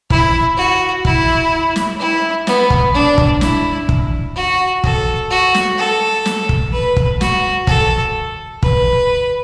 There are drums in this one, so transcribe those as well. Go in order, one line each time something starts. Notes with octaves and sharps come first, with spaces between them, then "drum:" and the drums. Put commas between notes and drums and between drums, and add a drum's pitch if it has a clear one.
E4, drum: kick
F#4
E4, drum: kick
drum: snare
E4
B3, drum: snare
drum: kick
D4
drum: kick
E4, drum: snare
drum: kick
F#4
A4, drum: kick
F#4
drum: snare
A4
drum: snare
drum: kick
B4
drum: kick
F#4, drum: snare
A4, drum: kick
B4, drum: kick